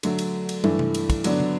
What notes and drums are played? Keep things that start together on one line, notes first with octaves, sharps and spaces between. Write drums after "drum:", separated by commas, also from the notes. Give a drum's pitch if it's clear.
D3 F#3 A3, drum: cymbal
drum: cymbal
drum: cymbal
G2 E3 A3, drum: tom
drum: tom C3
drum: cymbal
drum: kick, cymbal
D3 F#3 B3 D4, drum: cymbal
drum: tom